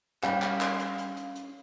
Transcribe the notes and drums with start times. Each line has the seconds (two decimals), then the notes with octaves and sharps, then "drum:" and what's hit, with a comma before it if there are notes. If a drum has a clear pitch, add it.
0.23 G3 C#4 F5, drum: clap
0.42 drum: clap
0.61 drum: clap
0.79 drum: hi-hat
0.98 drum: hi-hat
1.17 drum: hi-hat
1.35 drum: hi-hat